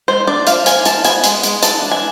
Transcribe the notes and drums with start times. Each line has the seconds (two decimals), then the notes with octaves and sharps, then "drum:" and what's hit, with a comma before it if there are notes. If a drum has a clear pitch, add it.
0.08 G#3 C5
0.27 D4 D5
0.47 F3 F5, drum: hi-hat
0.66 F3 G#5, drum: hi-hat
0.85 F3 A5, drum: hi-hat
1.05 B3 G#5, drum: hi-hat
1.24 G#3, drum: hi-hat
1.43 G#3, drum: hi-hat
1.63 E3 A5, drum: hi-hat
1.82 D4
1.91 G#5